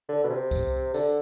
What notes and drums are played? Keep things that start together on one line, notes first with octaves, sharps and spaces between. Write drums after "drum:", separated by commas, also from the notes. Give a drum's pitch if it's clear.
D3
B2
C3
drum: kick C2, tambourine
D3, drum: tambourine